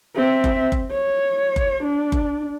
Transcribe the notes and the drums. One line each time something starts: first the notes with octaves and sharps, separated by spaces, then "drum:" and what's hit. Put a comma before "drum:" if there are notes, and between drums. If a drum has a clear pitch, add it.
C4 E5
drum: kick F#1
drum: kick F#1
C#5
drum: kick F#1
D4
drum: kick F#1